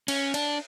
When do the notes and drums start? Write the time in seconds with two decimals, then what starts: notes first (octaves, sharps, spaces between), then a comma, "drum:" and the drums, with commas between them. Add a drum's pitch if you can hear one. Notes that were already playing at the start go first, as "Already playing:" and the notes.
0.08 C#4, drum: cymbal
0.34 D4, drum: cymbal